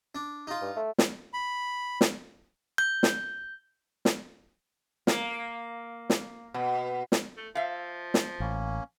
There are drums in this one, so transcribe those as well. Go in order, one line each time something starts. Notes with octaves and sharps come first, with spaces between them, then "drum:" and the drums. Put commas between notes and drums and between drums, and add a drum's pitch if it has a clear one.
D4
D#4 F4
G2
A3
drum: snare
B5
drum: snare
G6
drum: snare
drum: snare
A#3, drum: snare
drum: snare
B2
drum: snare
A3
F3 E5 F5
drum: snare
A1 A#3 C#4